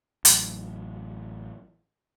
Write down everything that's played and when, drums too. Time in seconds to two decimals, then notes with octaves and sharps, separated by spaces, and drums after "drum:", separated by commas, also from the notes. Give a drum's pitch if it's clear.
0.25 A1 F#3, drum: hi-hat